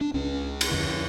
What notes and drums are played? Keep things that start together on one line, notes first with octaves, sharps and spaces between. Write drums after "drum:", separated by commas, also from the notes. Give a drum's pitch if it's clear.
D4
C#2 C#3 C#4
drum: cymbal
F2 D3